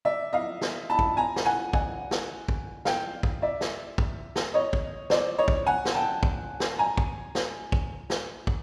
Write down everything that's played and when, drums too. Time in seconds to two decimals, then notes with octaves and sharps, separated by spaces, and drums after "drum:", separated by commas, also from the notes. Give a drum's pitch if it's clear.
0.05 D5 E5
0.33 D#5 F5
0.61 drum: snare
0.90 A5 B5
0.99 drum: kick
1.17 G#5 A#5
1.36 drum: snare
1.45 F#5 G#5
1.73 F#5 G#5, drum: kick
2.11 drum: snare
2.48 drum: kick
2.85 F5 G5, drum: snare
3.23 drum: kick
3.42 D5 E5
3.61 drum: snare
3.98 drum: kick
4.36 drum: snare
4.54 C#5 D#5
4.73 drum: kick
5.10 C5 D5, drum: snare
5.38 C#5 D#5
5.48 drum: kick
5.66 F#5 G#5
5.85 drum: snare
5.94 G5 A5
6.23 drum: kick
6.60 drum: snare
6.78 G#5 A#5
6.97 drum: kick
7.35 drum: snare
7.72 drum: kick
8.10 drum: snare
8.47 drum: kick